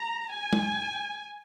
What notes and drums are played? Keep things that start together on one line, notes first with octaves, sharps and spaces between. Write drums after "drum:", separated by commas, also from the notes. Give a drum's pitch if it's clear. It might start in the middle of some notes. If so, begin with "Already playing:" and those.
Already playing: A#5
G#5
drum: tom G#3